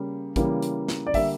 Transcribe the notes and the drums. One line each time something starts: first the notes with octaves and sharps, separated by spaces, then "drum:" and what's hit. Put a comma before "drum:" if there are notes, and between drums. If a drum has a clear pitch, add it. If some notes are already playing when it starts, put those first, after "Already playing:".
Already playing: C#3 G3 A#3
C#3 E3 G3 A#3, drum: kick, hi-hat
drum: hi-hat
drum: snare
D5
D3 G3 A#3 E5, drum: kick, open hi-hat